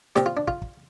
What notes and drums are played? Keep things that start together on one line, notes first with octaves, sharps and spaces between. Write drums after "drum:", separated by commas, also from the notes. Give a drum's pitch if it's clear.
A#2 F3 C4 G4, drum: snare
F4
D4
F4, drum: kick
drum: kick